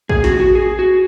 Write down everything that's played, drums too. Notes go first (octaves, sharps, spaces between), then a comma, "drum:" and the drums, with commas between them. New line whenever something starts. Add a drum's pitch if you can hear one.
G#4, drum: kick
F#4, drum: snare
F#4
G#4
F#4